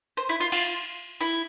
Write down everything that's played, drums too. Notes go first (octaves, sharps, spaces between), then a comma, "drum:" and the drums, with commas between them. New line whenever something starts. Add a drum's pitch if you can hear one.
C5
E4
F4
F4, drum: cymbal
E4